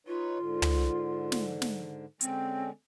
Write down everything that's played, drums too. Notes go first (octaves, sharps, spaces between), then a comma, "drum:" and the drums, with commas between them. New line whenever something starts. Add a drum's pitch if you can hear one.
D#4 F4 B4 C#5
G#2 D3
drum: tom
drum: snare
drum: snare
D3 G#3 C4 C#4, drum: hi-hat